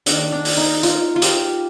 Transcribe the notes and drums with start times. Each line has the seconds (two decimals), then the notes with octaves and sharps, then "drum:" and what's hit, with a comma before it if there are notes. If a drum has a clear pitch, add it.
0.06 D#3 A#3 D4, drum: hi-hat
0.32 D4
0.45 drum: open hi-hat
0.57 D#4
0.83 F4, drum: hi-hat
1.16 F4
1.22 G4, drum: hi-hat